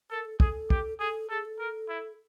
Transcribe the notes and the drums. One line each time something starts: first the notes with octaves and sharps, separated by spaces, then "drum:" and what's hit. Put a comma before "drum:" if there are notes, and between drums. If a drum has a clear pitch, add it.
A4 A#4
A4
G#4 A4, drum: kick
G4, drum: kick
G#4 A4
G#4 A4
A4
A#4
E4